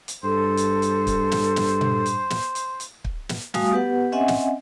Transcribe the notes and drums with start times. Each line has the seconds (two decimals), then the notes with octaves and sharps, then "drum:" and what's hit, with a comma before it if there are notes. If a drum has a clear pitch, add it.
0.08 drum: hi-hat
0.24 G2 A4 C5
0.57 drum: hi-hat
0.82 drum: hi-hat
1.07 drum: kick, hi-hat
1.31 drum: snare
1.56 drum: snare
1.81 drum: tom A#2
2.06 drum: hi-hat
2.30 drum: snare
2.55 drum: hi-hat
2.80 drum: hi-hat
3.05 drum: kick
3.29 drum: snare
3.54 G3 A3 F#4 F5 G#5 D#6, drum: snare
3.71 B3 G4 B4 F#5
4.12 C4 C#4 D#5 E5 F#5 G#5
4.28 drum: snare